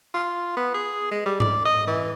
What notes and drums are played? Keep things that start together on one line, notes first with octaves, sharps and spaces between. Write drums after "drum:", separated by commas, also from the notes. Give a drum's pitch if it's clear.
F4
B3
G#4
G#3
G3
D5, drum: tom G#2
D#5
E3